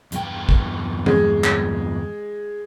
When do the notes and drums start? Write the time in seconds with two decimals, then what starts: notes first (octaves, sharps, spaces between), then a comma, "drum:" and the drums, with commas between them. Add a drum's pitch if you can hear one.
0.12 E2 G2 G5, drum: hi-hat
0.49 drum: kick
1.06 G#3, drum: tom
1.44 drum: clap